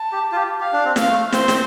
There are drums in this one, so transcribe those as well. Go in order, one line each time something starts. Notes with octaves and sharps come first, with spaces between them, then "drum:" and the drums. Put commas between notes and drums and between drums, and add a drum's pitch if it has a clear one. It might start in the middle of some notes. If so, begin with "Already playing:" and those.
Already playing: A5
G4
F4
G4
G4 F5
D4
C4
F5, drum: snare
A3
C4 C5, drum: snare
C4, drum: snare